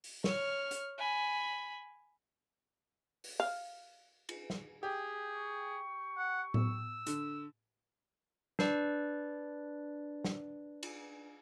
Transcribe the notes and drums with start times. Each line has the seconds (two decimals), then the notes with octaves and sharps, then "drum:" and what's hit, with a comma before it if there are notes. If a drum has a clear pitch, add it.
0.04 drum: open hi-hat
0.24 C#5 F6, drum: snare
0.71 drum: hi-hat
0.98 G#5 B5
3.24 drum: open hi-hat
3.40 F5
4.29 drum: cymbal
4.50 drum: snare
4.83 G4 G#4
5.33 C#6
6.17 F#5
6.54 E6, drum: tom A2
7.07 D3, drum: hi-hat
8.59 D4 B4 D5, drum: snare
10.25 drum: snare
10.83 drum: cymbal